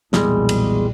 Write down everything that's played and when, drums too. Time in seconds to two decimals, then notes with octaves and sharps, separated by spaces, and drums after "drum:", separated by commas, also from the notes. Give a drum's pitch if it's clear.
0.13 B1 E2 A#2 G3 G#3, drum: snare
0.49 drum: cymbal